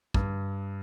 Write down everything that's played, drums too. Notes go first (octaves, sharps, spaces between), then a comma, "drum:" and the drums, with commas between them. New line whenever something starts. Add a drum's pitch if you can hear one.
G2, drum: kick